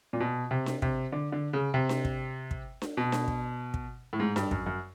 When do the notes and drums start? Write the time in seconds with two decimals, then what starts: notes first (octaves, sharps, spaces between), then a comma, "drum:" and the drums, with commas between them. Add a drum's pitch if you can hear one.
0.13 A#2
0.20 B2
0.51 C3
0.66 drum: snare D4
0.82 C3, drum: kick
1.12 D3
1.32 D3
1.53 C#3
1.74 C3
1.89 drum: snare D4
2.05 drum: kick
2.51 drum: kick
2.82 drum: snare D4
2.97 B2
3.12 drum: snare D4
3.28 drum: kick
3.74 drum: kick
4.13 A2
4.20 G#2
4.36 G2, drum: snare D4
4.51 F#2, drum: kick
4.66 F#2